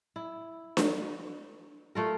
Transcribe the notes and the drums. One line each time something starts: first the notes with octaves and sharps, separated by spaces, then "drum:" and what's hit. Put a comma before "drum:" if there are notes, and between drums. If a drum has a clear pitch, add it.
E4
drum: snare D4
A3 F4 A#4